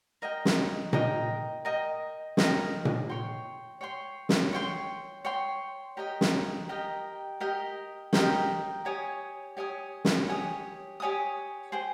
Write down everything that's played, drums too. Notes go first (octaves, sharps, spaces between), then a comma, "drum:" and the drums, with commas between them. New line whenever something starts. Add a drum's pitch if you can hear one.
A#4 D#5 G5
drum: snare
A#4 D#5 G5, drum: tom A#2
A#4 D#5 G5
A#4 D#5 G5, drum: snare
drum: tom A#2
C#5 G5 C6
C#5 G5 C6
drum: snare
C#5 G5 C6
C#5 G5 C6
G4 A#4 D#5 G5
drum: snare
G4 A#4 D#5 G5
G4 A#4 D#5 G5
G4 A#4 D#5 G5, drum: snare
G4 C#5 G#5 D#6
G4 C#5 G#5 D#6
drum: snare
G4 C#5 G#5 D#6
G4 C#5 G#5 D#6
G#4 C5 G5